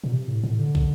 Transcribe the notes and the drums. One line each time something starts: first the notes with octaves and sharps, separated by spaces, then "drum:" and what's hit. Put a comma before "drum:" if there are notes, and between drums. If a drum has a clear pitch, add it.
A#2
C3
A2
A2
D3
drum: kick